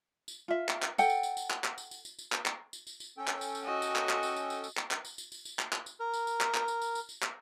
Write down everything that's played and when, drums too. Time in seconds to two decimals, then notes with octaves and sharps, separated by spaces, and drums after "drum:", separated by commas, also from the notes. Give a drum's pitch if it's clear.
0.28 drum: tambourine
0.48 F4 E5
0.69 drum: clap
0.82 drum: clap
0.98 A4 F#5 G5, drum: tambourine
1.10 drum: tambourine
1.23 drum: tambourine
1.37 drum: tambourine
1.51 drum: clap
1.64 drum: clap
1.78 drum: tambourine
1.91 drum: tambourine
2.05 drum: tambourine
2.19 drum: tambourine
2.32 drum: clap
2.46 drum: clap
2.73 drum: tambourine
2.87 drum: tambourine
3.00 drum: tambourine
3.18 C#4 A4 G5
3.28 drum: clap
3.41 drum: tambourine
3.55 drum: tambourine
3.64 F#4 D#5
3.82 drum: tambourine
3.96 drum: clap
4.09 drum: clap
4.23 drum: tambourine
4.36 drum: tambourine
4.50 drum: tambourine
4.64 drum: tambourine
4.77 drum: clap
4.91 drum: clap
5.05 drum: tambourine
5.18 drum: tambourine
5.32 drum: tambourine
5.45 drum: tambourine
5.59 drum: clap
5.73 drum: clap
5.86 drum: tambourine
6.00 A#4
6.14 drum: tambourine
6.27 drum: tambourine
6.41 drum: clap
6.54 drum: clap
6.68 drum: tambourine
6.82 drum: tambourine
6.95 drum: tambourine
7.09 drum: tambourine
7.22 drum: clap